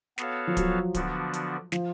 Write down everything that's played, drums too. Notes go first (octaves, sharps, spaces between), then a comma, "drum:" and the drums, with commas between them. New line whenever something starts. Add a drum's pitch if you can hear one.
B3 F#4 A4 C#5 F5, drum: snare
F3
F#3, drum: kick, hi-hat
D3 F3 B3 D4 F#4, drum: kick, hi-hat
drum: hi-hat
F3, drum: snare